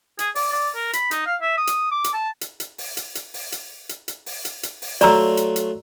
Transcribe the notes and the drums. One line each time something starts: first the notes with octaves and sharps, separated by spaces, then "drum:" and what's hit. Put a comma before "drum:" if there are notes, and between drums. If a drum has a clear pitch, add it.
G#4, drum: hi-hat
D5, drum: open hi-hat
D5
A#4
B5, drum: hi-hat
D#4, drum: hi-hat
F5
E5
D#6
drum: hi-hat
D6
drum: hi-hat
A5
drum: hi-hat
drum: hi-hat
drum: open hi-hat
drum: hi-hat
drum: hi-hat
drum: open hi-hat
drum: hi-hat
drum: hi-hat
drum: hi-hat
drum: open hi-hat
drum: hi-hat
drum: hi-hat
drum: open hi-hat
F#3 A3 F4 D5 A#5 E6, drum: hi-hat
drum: hi-hat
drum: hi-hat